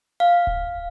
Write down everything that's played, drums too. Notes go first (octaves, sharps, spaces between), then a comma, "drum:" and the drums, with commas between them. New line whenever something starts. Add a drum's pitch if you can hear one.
F5
drum: kick D1